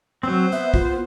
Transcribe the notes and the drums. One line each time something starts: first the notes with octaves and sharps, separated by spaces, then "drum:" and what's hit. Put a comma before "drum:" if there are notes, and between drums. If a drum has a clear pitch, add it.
F#3 C4 C5
B3 E5
F4, drum: kick A#1